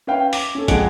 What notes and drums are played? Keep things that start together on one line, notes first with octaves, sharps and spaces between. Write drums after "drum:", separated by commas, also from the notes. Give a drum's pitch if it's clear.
C#4 B4 E5 F5 G5
D6, drum: open hi-hat
C#4 A4
F2 G#3 G#4 F#5 D7, drum: kick, hi-hat